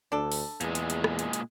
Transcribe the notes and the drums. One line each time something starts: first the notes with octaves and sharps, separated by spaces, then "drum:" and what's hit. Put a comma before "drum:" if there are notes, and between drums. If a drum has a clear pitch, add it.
D2 D4 A4
drum: open hi-hat
E2 A#2 G#3, drum: hi-hat
drum: hi-hat
drum: hi-hat
drum: rim click
drum: hi-hat
drum: hi-hat